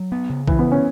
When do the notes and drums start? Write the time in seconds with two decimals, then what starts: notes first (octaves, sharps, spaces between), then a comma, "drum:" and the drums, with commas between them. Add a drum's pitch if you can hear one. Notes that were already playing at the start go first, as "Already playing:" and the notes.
Already playing: F#3
0.12 B3
0.29 C#3
0.48 C#3 E3, drum: kick
0.59 B3
0.65 E3
0.72 C#4